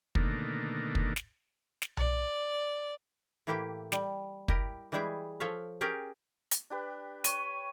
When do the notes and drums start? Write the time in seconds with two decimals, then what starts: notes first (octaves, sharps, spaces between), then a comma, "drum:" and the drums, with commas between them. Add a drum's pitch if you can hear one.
0.15 B2 D3 D#3 A3 A#3, drum: kick
0.95 drum: kick
1.16 drum: snare
1.82 drum: snare
1.97 D5, drum: tom B1
3.47 A2 E3 A#3 E4 G4 G5
3.92 G3, drum: snare
4.48 E4 G4 A#4 D#5, drum: kick
4.92 E3 G3 G#3 E4 G#4 G5
5.40 F3 A4 C#5 E5 F5
5.81 C#4 G4 G#4 A#4 G5
6.51 drum: hi-hat
6.70 D4 G4 B4
7.24 C#5 C#6 D#7, drum: hi-hat